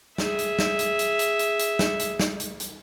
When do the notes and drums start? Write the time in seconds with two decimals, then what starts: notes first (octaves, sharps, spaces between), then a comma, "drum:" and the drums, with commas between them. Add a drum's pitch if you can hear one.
0.18 G#4 E5, drum: snare
0.39 drum: hi-hat
0.59 drum: snare
0.79 drum: hi-hat
0.99 drum: hi-hat
1.19 drum: hi-hat
1.39 drum: hi-hat
1.59 drum: hi-hat
1.79 drum: snare
1.99 drum: hi-hat
2.20 drum: snare
2.40 drum: hi-hat
2.60 drum: hi-hat